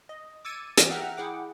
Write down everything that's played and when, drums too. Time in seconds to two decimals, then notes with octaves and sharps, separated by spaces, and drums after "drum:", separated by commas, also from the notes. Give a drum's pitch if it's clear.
0.09 D#5
0.45 D6 E6 G#6 A6 C#7 D#7
0.77 E3 G4 G#4, drum: hi-hat
0.91 E5 F#5 G5 A#5 F6 F#6
1.17 E4 G#4 F#5 G5 D6